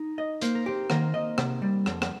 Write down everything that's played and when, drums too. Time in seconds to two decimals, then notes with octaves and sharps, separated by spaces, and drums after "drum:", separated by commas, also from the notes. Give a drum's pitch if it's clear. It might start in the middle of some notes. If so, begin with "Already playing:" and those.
Already playing: D#4
0.18 D#5
0.41 A#3 C5, drum: hi-hat
0.55 A#4
0.66 C4 G4 C5
0.90 D#3 A#3 A#4, drum: rim click
1.14 D#5
1.38 C3, drum: rim click
1.62 G3
1.86 F2, drum: rim click
2.02 drum: rim click